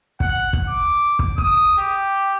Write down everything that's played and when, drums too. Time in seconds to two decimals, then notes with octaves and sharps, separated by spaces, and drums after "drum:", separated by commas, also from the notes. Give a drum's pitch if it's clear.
0.20 F#5, drum: kick
0.53 drum: kick
0.69 D6
1.19 drum: kick
1.38 D#6, drum: kick
1.78 G4